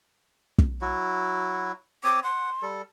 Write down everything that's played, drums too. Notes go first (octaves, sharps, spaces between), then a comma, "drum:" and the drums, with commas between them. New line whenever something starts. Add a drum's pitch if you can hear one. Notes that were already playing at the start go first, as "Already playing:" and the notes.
drum: kick
F#3 E4 F#4
C4 C#5 D6 D#6
F#5 C6
G3 A4